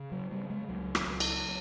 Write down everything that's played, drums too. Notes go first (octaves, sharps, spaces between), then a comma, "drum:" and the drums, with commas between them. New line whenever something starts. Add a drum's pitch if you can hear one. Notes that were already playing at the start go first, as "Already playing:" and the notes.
Already playing: C#3
F#3
C#3 G3
G#3
C#2 F#3
drum: rim click
C#2
drum: cymbal